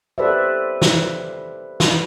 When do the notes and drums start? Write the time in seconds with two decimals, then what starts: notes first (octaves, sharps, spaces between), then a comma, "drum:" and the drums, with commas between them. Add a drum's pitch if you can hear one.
0.18 G4 A4 B4 C5 D5 E5
0.82 drum: snare
1.80 drum: snare